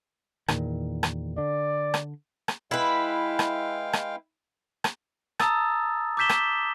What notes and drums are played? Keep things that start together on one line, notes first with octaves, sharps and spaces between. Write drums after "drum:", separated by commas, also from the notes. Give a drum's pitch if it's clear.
E2 A#2 D#3, drum: rim click
drum: rim click
D3 D5
drum: rim click
drum: rim click
G#3 E4 B4 F5 G5
drum: rim click
drum: rim click
drum: rim click
A5 A#5 D#6 E6 A6, drum: rim click
D6 E6 G6 B6 E7 G7
drum: rim click